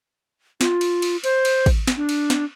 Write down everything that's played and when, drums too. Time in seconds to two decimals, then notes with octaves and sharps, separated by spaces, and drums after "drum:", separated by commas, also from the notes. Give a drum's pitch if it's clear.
0.61 F4, drum: snare
0.81 drum: cymbal
1.02 drum: cymbal
1.24 C5, drum: cymbal
1.45 drum: cymbal
1.66 drum: kick, cymbal
1.87 drum: snare
1.97 D4
2.09 drum: cymbal
2.30 drum: snare